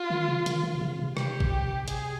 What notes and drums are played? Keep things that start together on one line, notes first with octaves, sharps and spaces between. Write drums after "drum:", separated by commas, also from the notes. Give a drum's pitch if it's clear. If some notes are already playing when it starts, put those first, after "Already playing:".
Already playing: F4
D#3
C#3
D#3, drum: hi-hat
D#3
C3
C#3
C3
C3 G4, drum: rim click
drum: kick A1
G#4, drum: hi-hat